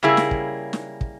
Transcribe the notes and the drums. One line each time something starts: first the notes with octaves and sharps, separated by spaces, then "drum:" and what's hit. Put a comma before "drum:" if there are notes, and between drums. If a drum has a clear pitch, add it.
C#3 G3 A#3 E4 G#4
drum: snare
drum: kick
drum: snare
drum: kick